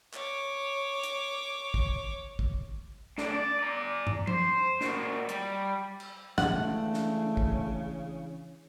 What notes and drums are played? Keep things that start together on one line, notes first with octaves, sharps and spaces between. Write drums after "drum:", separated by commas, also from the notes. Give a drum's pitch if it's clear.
C#5 D6, drum: clap
drum: hi-hat
drum: kick
drum: kick
A2 D4, drum: snare
D5
D5 A#5
drum: tom
C5, drum: tom F3
A#2 F#4, drum: snare
G3, drum: hi-hat
drum: cymbal
C#3 E3 G#3 A3 D4 F#5, drum: snare
drum: snare
drum: kick